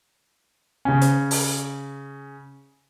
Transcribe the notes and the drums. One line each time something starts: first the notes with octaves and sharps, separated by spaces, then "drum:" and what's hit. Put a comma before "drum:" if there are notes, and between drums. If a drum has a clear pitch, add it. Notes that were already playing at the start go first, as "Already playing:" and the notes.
C#3 C#4
drum: hi-hat
drum: open hi-hat